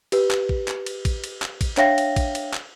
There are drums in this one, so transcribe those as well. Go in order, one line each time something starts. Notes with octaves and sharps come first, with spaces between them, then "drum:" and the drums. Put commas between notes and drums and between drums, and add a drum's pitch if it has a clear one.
G4 B4, drum: cymbal
drum: clap
drum: kick A1
drum: clap
drum: cymbal
drum: kick A1, cymbal
drum: cymbal
drum: clap
drum: kick A1, cymbal
D4 C#5 E5 F5 G5 A#6, drum: clap
drum: cymbal
drum: kick A1, cymbal
drum: cymbal
drum: clap